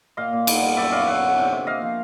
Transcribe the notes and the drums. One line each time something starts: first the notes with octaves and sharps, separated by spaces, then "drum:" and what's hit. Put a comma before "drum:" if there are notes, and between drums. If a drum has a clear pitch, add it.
A#2 D#5 F5
A#2
B3, drum: cymbal
G3
F#2 D5 E5
F#2 D#5 F5
F#3 E5 F#5
D3
C3
C3
A#3 D#5 F5
F3